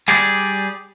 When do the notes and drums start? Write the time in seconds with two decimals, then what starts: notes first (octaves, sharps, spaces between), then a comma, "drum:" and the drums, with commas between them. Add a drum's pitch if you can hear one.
0.08 G3 G#4 D5, drum: snare